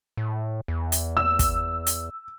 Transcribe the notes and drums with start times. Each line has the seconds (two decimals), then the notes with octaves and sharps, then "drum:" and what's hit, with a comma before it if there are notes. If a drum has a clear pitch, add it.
0.17 A2
0.68 E2
0.92 drum: hi-hat
1.17 E6
1.39 drum: kick, hi-hat
1.87 drum: hi-hat